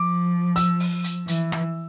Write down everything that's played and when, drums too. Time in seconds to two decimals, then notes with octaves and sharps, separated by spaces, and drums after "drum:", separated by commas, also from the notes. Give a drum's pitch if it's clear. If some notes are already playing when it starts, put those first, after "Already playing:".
Already playing: F3 D6
0.56 E6, drum: hi-hat
0.80 drum: open hi-hat
1.04 drum: hi-hat
1.28 E3, drum: hi-hat
1.52 drum: rim click